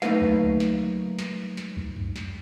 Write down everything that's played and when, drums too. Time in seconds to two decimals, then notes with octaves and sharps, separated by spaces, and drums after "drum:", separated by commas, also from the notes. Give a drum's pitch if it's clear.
0.02 F#3 A3 A#3 D#4 B4 F5, drum: snare
0.21 drum: kick C#2
0.41 drum: tom C#3
0.60 drum: snare
1.19 drum: snare
1.57 drum: snare
1.77 drum: kick C#2
1.96 drum: tom F#2
2.16 drum: snare